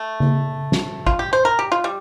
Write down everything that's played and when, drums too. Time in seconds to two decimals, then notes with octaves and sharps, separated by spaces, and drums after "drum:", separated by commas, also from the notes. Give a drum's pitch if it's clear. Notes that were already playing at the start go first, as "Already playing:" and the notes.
Already playing: A3
0.20 drum: tom C#3
0.72 drum: snare
1.06 F4, drum: kick G#1
1.19 G4
1.33 C5
1.45 A#4
1.59 G4
1.72 F4
1.84 G3